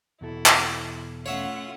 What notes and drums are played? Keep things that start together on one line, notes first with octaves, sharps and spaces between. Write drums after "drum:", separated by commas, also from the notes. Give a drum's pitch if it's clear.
E2 B2 E4 A4
drum: clap
A3 C#4 F4 C#5 E5 F#5